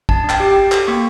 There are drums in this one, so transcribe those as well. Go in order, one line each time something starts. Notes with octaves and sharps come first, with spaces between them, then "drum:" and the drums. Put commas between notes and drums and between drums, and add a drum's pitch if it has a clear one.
D4 A5, drum: kick
D4
G5, drum: clap
G4
G5
G4
A4, drum: clap
A#3 C#6